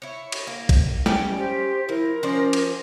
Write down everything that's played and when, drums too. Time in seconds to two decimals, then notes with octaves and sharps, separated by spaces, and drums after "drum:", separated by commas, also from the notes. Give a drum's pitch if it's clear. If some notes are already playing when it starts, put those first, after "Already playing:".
0.02 E4 C#5
0.32 drum: cymbal
0.47 A#3
0.69 drum: kick A#1, cymbal
1.06 G3 C#4 D5 G5, drum: snare
1.38 G4 C5
1.89 F3 E4 A#4
2.23 F3 C#4 C5 D5
2.53 drum: cymbal